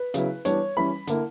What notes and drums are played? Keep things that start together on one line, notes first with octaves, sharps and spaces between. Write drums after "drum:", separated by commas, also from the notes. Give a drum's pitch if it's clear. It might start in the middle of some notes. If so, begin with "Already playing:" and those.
Already playing: B4
C#3 F#3 B3 E4, drum: hi-hat
E3 G3 B3 D4 C#5, drum: hi-hat
E3 G3 C#4 E4 B5
D3 A#3 E4, drum: hi-hat